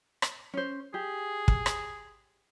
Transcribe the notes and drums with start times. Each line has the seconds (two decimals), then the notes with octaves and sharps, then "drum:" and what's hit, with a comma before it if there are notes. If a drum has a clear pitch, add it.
0.22 drum: rim click
0.54 C#4 C5
0.94 G4 G#4
1.48 drum: kick
1.66 drum: rim click